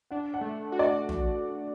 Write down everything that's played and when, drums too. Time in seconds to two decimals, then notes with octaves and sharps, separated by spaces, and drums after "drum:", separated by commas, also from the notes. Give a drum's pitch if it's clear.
0.11 D4 F#5
0.34 F#5
0.41 A3
0.72 F#4
0.79 D5
1.09 drum: tom